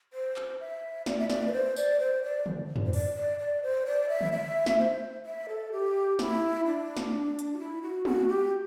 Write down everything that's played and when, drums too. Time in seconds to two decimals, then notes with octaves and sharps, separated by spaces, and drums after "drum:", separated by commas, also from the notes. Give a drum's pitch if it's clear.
0.13 C5
0.36 drum: clap
0.60 E5
1.06 D5, drum: snare
1.19 E5
1.30 D5, drum: snare
1.47 B4
1.53 C5
1.76 D5, drum: tambourine
2.00 C5
2.23 D5
2.46 drum: tom
2.76 drum: tom
2.86 C5
2.93 D5, drum: open hi-hat
3.16 D5
3.39 D5
3.63 C5
3.86 D5
4.09 E5
4.21 drum: tom
4.33 E5
4.66 drum: snare
4.79 C5
5.26 E5
5.49 A4
5.72 G4
6.19 E4, drum: snare
6.66 D4
6.97 drum: snare
7.39 drum: hi-hat
7.53 F#4
7.59 E4
7.82 F#4
8.05 F#4, drum: tom
8.29 G4